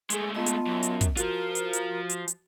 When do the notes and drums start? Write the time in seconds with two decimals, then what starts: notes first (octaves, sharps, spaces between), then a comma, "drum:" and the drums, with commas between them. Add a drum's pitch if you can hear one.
0.10 G#3 A3 G#4, drum: hi-hat
0.36 B3 F4 D#5 A5
0.46 drum: hi-hat
0.67 F#2
0.83 drum: hi-hat
1.01 drum: kick, hi-hat
1.17 F3 F4 F#4 A#4, drum: hi-hat
1.55 drum: hi-hat
1.73 drum: hi-hat
2.09 drum: hi-hat
2.28 drum: hi-hat